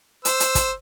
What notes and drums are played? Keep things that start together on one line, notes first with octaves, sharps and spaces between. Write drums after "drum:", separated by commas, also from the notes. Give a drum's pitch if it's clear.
C5 E6, drum: hi-hat
drum: hi-hat
drum: kick, hi-hat